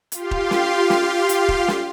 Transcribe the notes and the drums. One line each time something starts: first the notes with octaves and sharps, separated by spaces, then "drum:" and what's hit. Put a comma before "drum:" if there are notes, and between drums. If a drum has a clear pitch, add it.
F4 G4 F5 C6, drum: hi-hat
drum: kick E1
drum: snare
drum: snare
drum: hi-hat
drum: kick E1
drum: snare